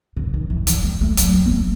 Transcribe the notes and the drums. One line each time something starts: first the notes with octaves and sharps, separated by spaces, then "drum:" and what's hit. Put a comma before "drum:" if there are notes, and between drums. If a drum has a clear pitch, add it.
C#3
D#3
E3
E3, drum: hi-hat
G#3
A3
F#3, drum: hi-hat
G#3
B3
A3